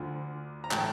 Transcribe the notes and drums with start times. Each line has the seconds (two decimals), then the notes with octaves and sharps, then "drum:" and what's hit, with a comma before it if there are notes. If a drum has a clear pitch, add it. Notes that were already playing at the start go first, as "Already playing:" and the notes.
Already playing: D2 D3 F3
0.64 A#5
0.71 A2 E3 A3 G5 A5, drum: clap